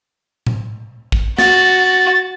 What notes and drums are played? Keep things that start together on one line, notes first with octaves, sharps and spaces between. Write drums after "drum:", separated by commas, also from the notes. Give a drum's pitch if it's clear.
drum: tom A2
drum: kick
F#4 A6, drum: snare